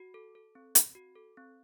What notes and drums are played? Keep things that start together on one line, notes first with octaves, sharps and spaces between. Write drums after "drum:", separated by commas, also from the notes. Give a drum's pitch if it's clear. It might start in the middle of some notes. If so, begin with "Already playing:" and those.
Already playing: F#4
A4
A4
C4
C4, drum: hi-hat
F#4
A4
C4